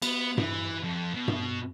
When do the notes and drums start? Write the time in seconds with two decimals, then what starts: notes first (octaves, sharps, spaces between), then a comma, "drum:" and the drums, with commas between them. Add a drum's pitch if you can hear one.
0.02 B3, drum: cymbal
0.38 E3, drum: tom G2
0.84 F2
1.14 B2
1.28 drum: tom G2